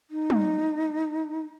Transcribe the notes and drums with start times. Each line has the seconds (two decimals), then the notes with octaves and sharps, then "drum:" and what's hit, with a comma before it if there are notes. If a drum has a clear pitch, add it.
0.11 D#4
0.30 drum: tom